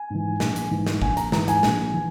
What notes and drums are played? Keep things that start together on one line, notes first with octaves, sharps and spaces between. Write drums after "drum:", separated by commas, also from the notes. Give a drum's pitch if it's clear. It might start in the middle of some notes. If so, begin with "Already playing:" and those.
Already playing: G#5
G#2 E3
A#1, drum: snare
drum: hi-hat
G#2 E3
drum: snare
A#1 G#5, drum: kick
A#5, drum: hi-hat
G#2 E3 A#5, drum: snare
G#5, drum: hi-hat
A#1, drum: snare
E3